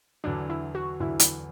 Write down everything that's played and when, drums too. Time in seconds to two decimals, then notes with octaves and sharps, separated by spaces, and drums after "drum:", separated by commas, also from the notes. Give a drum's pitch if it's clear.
0.24 E2 D3 F#3 D4
0.50 E4
0.75 F#4
1.00 E2 D3 F#3 E4
1.20 drum: hi-hat